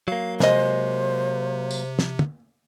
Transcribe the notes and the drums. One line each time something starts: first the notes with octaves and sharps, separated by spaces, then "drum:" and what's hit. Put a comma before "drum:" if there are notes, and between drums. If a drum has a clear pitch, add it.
F#3 A#3 F5
C3 G#3 C5 D#5, drum: snare
drum: tambourine
drum: snare
drum: tom